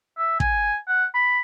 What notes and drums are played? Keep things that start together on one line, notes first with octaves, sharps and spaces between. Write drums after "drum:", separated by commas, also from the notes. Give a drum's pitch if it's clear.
E5
G#5, drum: kick
F#5
B5